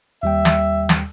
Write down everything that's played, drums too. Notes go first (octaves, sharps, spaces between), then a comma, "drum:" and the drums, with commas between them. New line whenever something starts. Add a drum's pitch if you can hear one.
D#2 G3 E5 G5
drum: snare
drum: snare